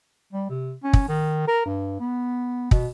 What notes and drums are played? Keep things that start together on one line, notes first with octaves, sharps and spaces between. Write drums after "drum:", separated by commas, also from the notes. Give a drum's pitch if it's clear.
G3
C3
C#4
drum: kick
D#3
A#4
G2
B3
B2, drum: kick